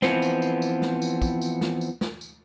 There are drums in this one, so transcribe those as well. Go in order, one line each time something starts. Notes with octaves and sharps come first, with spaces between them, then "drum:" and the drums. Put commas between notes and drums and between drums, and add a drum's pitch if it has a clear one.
E3 F3 B3 C4, drum: snare
drum: tambourine
drum: tambourine
drum: tambourine
drum: snare
drum: tambourine
drum: kick, tambourine
drum: tambourine
drum: snare
drum: tambourine
drum: snare
drum: tambourine